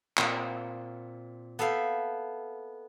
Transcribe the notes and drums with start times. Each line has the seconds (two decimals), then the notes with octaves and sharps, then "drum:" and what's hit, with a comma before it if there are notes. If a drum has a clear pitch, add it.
0.18 A#2 C4 C6, drum: clap
1.59 B3 A4 E5 F5 G5